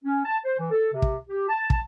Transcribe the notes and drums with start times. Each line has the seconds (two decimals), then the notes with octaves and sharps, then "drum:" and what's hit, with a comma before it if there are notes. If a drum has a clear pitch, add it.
0.04 C#4
0.25 A5
0.45 C5
0.58 E3
0.71 A4
0.93 C3
1.02 drum: kick
1.29 G4
1.49 A5
1.70 A5, drum: kick